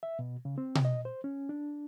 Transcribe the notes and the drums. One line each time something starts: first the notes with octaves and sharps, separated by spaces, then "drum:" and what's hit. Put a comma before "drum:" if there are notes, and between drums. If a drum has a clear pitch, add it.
E5
B2
C#3
C4
drum: tom B2
D#5
C5
C#4
D4